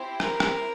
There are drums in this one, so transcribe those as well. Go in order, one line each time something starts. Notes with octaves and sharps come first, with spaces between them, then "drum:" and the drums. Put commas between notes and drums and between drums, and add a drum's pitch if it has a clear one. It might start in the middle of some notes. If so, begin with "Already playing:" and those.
Already playing: C4 E4 G4 C5
A#4, drum: rim click
drum: rim click